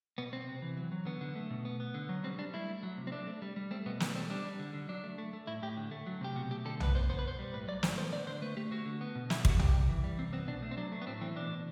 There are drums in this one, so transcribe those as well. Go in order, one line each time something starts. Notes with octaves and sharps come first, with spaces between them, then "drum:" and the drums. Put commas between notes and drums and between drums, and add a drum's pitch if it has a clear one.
B2 B3
B2 C4
C3
E3
F#3
F#3
D3 B3
D3
A3
B2
B3
B3
D3
F#3
G3 C4
G3 D4
A3 E4
A3
F#3
C3
C4
A3 D4
A3
G3
G3
A3 C4
B2 B3
G3 B3, drum: snare
G3 C4
G3 D4
G3
D3
D3
F#3 D4
A3
A3
A3
A2 E4
A2 G4
D3
A3
F#3
C3 G4
B2 F#4
A3 G4
D3 A4
B3 B4, drum: tom
B3 C5
B3 C5
B4
B2 C5
G3
A2 B4
F#3 D5
A2 C5, drum: snare
B3 C5
D3 D5
D3 C5
A3 B4
A3 G4
D3 F#4
D3
B3
B2
G3 E4, drum: snare
G3 F#4, drum: kick
C3 G4, drum: tom
C3
E3
G3
C3 C4
B3 C4
B2 D4
A3
C4
F#3 D4
A3
B3
A2 C4
E3 C4
B2 D4
B2